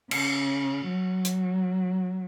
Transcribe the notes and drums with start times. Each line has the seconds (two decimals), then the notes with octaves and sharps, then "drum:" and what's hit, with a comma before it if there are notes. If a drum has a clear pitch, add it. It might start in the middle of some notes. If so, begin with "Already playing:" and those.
0.11 C#3, drum: cymbal
0.88 F#3
1.25 drum: hi-hat